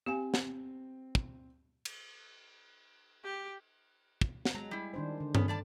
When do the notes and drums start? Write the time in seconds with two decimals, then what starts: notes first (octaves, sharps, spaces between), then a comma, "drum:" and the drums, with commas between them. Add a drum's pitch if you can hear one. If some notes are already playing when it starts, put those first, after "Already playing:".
0.06 C4 G4 F5 G#5
0.34 drum: snare
1.15 drum: kick
1.85 drum: cymbal
3.24 G4
4.21 drum: kick
4.45 drum: snare
4.54 F#3 G#3 A#5
4.71 G3 E4
4.94 D#3 D4 C5
5.20 D3
5.35 B3 C#4, drum: tom G2
5.48 G3 D5 A5